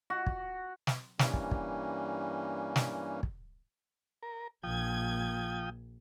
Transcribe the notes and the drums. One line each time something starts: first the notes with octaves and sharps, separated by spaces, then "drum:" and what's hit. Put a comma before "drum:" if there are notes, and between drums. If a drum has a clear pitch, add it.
F#4
drum: kick
drum: snare
G2 E3 G3 A#3 C#4, drum: snare
drum: kick
drum: kick
drum: snare
drum: kick
A#4
A#1 F3 G5 D#6 G#6